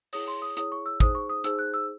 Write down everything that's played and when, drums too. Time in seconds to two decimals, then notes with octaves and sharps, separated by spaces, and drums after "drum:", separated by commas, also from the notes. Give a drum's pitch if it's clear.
0.13 E4 G#4 C#5 D#6, drum: open hi-hat
0.28 C6
0.42 D#6
0.57 E4 G#4 C#5 D#6, drum: hi-hat
0.72 C#6
0.86 E6
1.00 D#4 G#4 C5 D#6, drum: kick
1.15 C#6
1.29 D#6
1.44 D#4 G#4 C5 E6, drum: hi-hat
1.59 F#6
1.74 E6